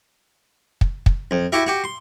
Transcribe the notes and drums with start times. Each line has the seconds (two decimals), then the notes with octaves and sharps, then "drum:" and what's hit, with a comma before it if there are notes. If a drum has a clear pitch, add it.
0.81 drum: kick
1.06 drum: kick
1.31 F2
1.52 E4 F#4 G4 E5
1.67 F#4 G4
1.84 C6